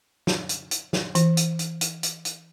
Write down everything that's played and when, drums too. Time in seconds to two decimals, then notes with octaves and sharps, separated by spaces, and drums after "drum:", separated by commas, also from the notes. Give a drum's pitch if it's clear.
0.27 drum: snare
0.49 drum: hi-hat
0.71 drum: hi-hat
0.93 drum: snare
1.15 E3, drum: hi-hat
1.37 drum: hi-hat
1.59 drum: hi-hat
1.81 drum: hi-hat
2.03 drum: hi-hat
2.25 drum: hi-hat